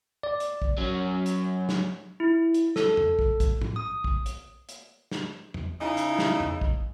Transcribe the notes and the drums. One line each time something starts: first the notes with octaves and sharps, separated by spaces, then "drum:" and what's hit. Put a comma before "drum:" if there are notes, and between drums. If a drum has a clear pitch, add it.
D5
drum: hi-hat
drum: kick
F#3 C#4
drum: hi-hat
drum: snare
E4
drum: hi-hat
A4, drum: snare
drum: tom
drum: kick
drum: kick, hi-hat
drum: tom
D#6
drum: kick
drum: hi-hat
drum: hi-hat
drum: snare
drum: tom
C#3 D#4 E4
drum: hi-hat
drum: snare
drum: tom
drum: kick